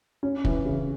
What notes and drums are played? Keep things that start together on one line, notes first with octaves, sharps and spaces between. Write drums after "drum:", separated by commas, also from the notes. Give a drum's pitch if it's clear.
C#4
E3, drum: kick
C#3